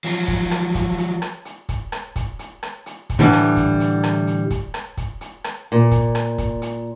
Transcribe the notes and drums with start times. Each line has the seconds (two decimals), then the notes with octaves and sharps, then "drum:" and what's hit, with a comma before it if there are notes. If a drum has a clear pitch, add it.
0.04 F3 F#3, drum: hi-hat
0.28 drum: kick, hi-hat
0.51 drum: rim click
0.75 drum: kick, hi-hat
0.98 drum: hi-hat
1.22 drum: rim click
1.45 drum: hi-hat
1.69 drum: kick, hi-hat
1.92 drum: rim click
2.16 drum: kick, hi-hat
2.39 drum: hi-hat
2.63 drum: rim click
2.86 drum: hi-hat
3.10 drum: kick, hi-hat
3.19 A2 D3 E3 G3
3.33 drum: rim click
3.57 drum: kick, hi-hat
3.80 drum: hi-hat
4.03 drum: rim click
4.27 drum: hi-hat
4.50 drum: kick, hi-hat
4.74 drum: rim click
4.97 drum: kick, hi-hat
5.21 drum: hi-hat
5.44 drum: rim click
5.72 A#2
5.91 drum: kick, hi-hat
6.15 drum: rim click
6.38 drum: kick, hi-hat
6.62 drum: hi-hat